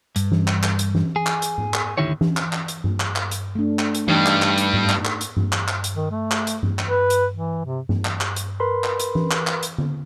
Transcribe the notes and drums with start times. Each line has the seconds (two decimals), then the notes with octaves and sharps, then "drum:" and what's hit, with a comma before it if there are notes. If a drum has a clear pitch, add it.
0.16 G2, drum: hi-hat
0.32 drum: tom E3
0.47 drum: clap
0.63 drum: clap
0.79 drum: hi-hat
0.95 drum: tom E3
1.16 G#4
1.26 drum: clap
1.42 drum: hi-hat
1.58 drum: tom G#2
1.74 drum: clap
1.98 D2 D3 D#3 E4 G4 C#5
2.21 drum: tom E3
2.37 drum: clap
2.53 drum: clap
2.68 drum: hi-hat
2.84 drum: tom G2
3.00 drum: clap
3.16 drum: clap
3.31 drum: hi-hat
3.55 A3 D4
3.79 drum: clap
3.95 drum: hi-hat
4.08 G2 G3 D#4, drum: tom E3
4.26 drum: clap
4.42 drum: clap
4.58 drum: hi-hat
4.73 drum: tom G#2
4.89 drum: clap
5.05 drum: clap
5.21 drum: hi-hat
5.37 drum: tom G2
5.52 drum: clap
5.68 drum: clap
5.84 drum: hi-hat
5.94 D#3
6.11 A3
6.31 drum: clap
6.47 drum: hi-hat
6.63 drum: tom G2
6.79 drum: clap
6.88 B4
7.10 drum: hi-hat
7.34 E3
7.65 C3
7.89 drum: tom G2
8.05 drum: clap
8.21 drum: clap
8.36 drum: hi-hat
8.60 A#4 B4 B5 C6
8.84 drum: clap
9.00 drum: hi-hat
9.15 drum: tom E3
9.31 drum: clap
9.47 drum: clap
9.63 drum: hi-hat
9.78 drum: tom D3